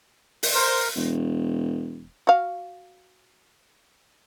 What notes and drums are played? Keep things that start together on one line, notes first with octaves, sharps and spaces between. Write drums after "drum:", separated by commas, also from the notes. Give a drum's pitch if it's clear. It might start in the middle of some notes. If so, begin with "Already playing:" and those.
drum: open hi-hat
A#4 C5
E1
F#4 F5